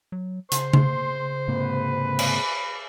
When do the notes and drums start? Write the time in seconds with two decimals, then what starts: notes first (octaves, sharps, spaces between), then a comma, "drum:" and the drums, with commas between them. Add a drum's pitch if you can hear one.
0.12 F#3
0.52 C#3 C5 C6, drum: hi-hat
0.73 drum: tom C#3
1.48 G#2 C3 A#3 B4
2.19 drum: cymbal